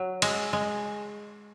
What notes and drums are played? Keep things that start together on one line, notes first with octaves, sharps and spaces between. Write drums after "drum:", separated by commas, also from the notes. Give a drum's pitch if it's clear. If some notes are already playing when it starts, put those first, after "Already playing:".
Already playing: F#3
G#3, drum: cymbal
G#3